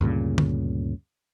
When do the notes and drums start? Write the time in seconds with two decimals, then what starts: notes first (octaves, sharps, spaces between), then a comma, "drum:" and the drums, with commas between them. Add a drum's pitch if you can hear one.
0.01 D2 G2 A#2 C#3
0.38 drum: tom